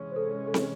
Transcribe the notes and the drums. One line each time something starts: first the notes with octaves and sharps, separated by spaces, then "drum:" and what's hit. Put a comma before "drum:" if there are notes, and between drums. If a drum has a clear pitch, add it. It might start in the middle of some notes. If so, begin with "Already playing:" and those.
Already playing: C3 E3 G#3 C#4
C5
A4
A4
G#4, drum: snare